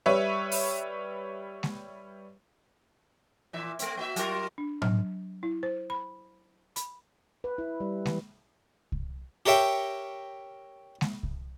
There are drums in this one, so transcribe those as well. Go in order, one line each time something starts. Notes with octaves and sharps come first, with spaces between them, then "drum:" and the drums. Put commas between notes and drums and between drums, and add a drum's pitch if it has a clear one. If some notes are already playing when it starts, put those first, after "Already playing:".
G3 B4 C#5 E5
drum: open hi-hat
drum: snare G#3
A#2 E3 E5
A3 C4, drum: hi-hat
A#3 F#4 E5
F#3 F4 A#4, drum: hi-hat
D4
F#3, drum: tom A2
E4
C5
B5
B5, drum: hi-hat
B4
E4
G3
E3, drum: snare G#3
drum: kick C2
G4 A#4 C#5 E5 G5
drum: snare G#3
drum: kick C2